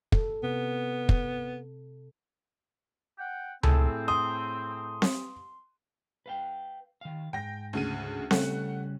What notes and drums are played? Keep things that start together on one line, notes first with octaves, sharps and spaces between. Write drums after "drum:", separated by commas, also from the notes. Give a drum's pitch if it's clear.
A4, drum: kick
C3 B3
drum: kick
F#5 G5
A2 C4 G#4 A4, drum: tom C#2
C6 D#6
drum: snare C4
B4 F5 G5
D#3 F5
G#2 G5 A#6
D2 C#3 D#7
C#3 G3 A3 C#4 F#5 F#6, drum: snare C4